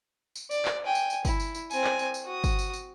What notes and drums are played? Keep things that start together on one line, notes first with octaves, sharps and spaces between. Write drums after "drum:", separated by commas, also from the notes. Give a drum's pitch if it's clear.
drum: tambourine
D5, drum: tambourine
drum: clap
G5 G#5
drum: tambourine
drum: tambourine
E4, drum: kick G1, tambourine
drum: tambourine
drum: tambourine
C4 G#5, drum: tambourine
drum: clap
drum: tambourine
drum: tambourine
F#4 D#6
drum: kick G1, tambourine
drum: tambourine
drum: tambourine